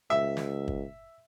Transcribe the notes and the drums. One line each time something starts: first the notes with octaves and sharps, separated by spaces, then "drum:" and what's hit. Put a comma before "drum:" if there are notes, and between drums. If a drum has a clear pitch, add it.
C#2 E5
drum: snare
drum: kick